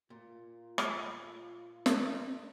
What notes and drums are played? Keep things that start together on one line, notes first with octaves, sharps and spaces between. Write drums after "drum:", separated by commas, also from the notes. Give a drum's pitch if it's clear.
A#2 F4
drum: rim click
drum: snare